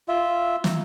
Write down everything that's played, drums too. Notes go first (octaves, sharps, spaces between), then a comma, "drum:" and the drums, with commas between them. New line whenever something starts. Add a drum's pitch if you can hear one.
F4 E5
drum: snare